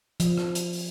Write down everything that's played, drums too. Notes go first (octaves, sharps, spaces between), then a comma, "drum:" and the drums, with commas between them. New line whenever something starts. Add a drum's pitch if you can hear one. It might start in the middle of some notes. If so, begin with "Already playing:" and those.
F3, drum: hi-hat
drum: rim click
drum: hi-hat
drum: open hi-hat